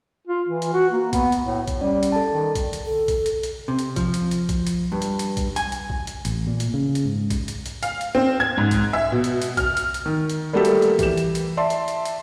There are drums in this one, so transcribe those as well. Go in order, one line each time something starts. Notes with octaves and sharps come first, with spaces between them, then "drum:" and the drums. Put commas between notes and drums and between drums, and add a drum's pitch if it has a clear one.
F4
E3
drum: hi-hat
F#4
A#3
B3, drum: kick A#1, hi-hat
drum: hi-hat
A2
drum: kick A#1, hi-hat
G3 C#4 D5
drum: hi-hat
A4 D5 A5
D#3
drum: kick A#1, hi-hat
drum: hi-hat
A4
drum: kick A#1, hi-hat
drum: hi-hat
drum: hi-hat
C3
drum: hi-hat
F3, drum: kick A#1, hi-hat
drum: hi-hat
drum: hi-hat
drum: kick A#1, hi-hat
drum: hi-hat
G2
drum: hi-hat
drum: hi-hat
drum: kick A#1, hi-hat
G#5, drum: hi-hat
drum: hi-hat
drum: kick A#1
drum: hi-hat
A1, drum: hi-hat
A#2
drum: hi-hat
C#3
drum: hi-hat
G#2
drum: kick A#1, hi-hat
drum: hi-hat
drum: hi-hat
F5, drum: hi-hat
drum: hi-hat
C4
G#6
G#2
drum: kick A#1, hi-hat
E5
B2
drum: hi-hat
drum: hi-hat
F6, drum: kick A#1, hi-hat
drum: hi-hat
drum: hi-hat
D#3
drum: hi-hat
G3 A3 A#3 F#4 G4 A4
drum: hi-hat
drum: hi-hat
E3 G4 E7, drum: kick A#1, hi-hat
drum: hi-hat
drum: hi-hat
D5 E5 A5 C6
drum: hi-hat
drum: hi-hat
drum: hi-hat